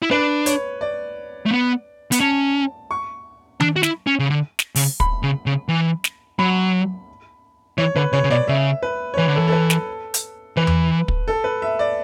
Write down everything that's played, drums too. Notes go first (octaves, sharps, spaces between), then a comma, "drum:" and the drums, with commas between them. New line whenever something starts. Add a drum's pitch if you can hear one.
E4
D4 B4
C#5, drum: hi-hat
D5
A3
B3
B3, drum: hi-hat
C#4 A5
C#6
D4, drum: tom D#3
F#4
E4, drum: snare
C#4
C#3
D3
drum: snare
C#3, drum: open hi-hat
B5, drum: kick
C#3
C#3
E3
drum: snare
F#3 B5
E3 C#5
D3 B4
C#3 C#5
C#3
B2 D5
C#3 E5
B4
C#5
E3 B4
D3
A4
E3
A4
B4
A4, drum: snare
drum: hi-hat
E3 B4
drum: tom E2
drum: kick
A4
B4
E5
D5